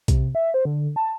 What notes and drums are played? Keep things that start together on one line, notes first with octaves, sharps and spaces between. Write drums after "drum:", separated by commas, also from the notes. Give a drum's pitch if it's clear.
C3, drum: kick B1, hi-hat
E5
C5
D3
A5